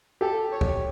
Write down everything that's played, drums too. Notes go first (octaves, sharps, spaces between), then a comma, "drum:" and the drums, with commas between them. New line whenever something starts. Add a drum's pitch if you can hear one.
G4 A4
C#5
drum: kick